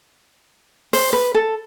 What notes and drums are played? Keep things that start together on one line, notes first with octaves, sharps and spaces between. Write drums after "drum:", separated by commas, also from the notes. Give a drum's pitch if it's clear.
C5, drum: open hi-hat
B4
A4